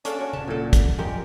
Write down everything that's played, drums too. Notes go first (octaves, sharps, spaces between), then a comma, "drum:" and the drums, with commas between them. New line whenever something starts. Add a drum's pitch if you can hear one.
C#4 D4 G#4 A4 F5, drum: hi-hat
F#4 C#5
D#1 C#3 A5
C2 A#2 D3 E4 A4
drum: kick, hi-hat
E1 F2 F3 G#3 C#4 G4 A#4